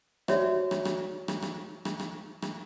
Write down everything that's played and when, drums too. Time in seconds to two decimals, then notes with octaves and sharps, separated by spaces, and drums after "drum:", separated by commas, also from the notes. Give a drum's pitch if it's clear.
0.28 F#4 C#5 D5 E5, drum: rim click
0.71 drum: rim click
0.85 drum: rim click
1.28 drum: rim click
1.42 drum: rim click
1.85 drum: rim click
2.00 drum: rim click
2.42 drum: rim click